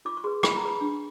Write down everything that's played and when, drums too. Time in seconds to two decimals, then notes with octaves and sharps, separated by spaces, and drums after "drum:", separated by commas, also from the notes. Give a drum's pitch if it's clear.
0.05 F4 D6
0.17 C#6
0.24 G#4 B4 C6
0.43 F4 B5, drum: rim click
0.56 A#5
0.63 G#4 B4 B5
0.81 D4